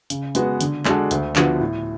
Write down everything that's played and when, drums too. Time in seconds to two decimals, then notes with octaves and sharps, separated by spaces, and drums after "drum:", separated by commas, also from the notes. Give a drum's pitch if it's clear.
0.10 C#3, drum: hi-hat
0.35 G#3 B3 F#4, drum: hi-hat
0.61 D3, drum: hi-hat
0.85 G#3 D4 F#4 A4, drum: clap
1.11 D2, drum: hi-hat
1.36 D3 F3 B3 F#4, drum: clap
1.60 A2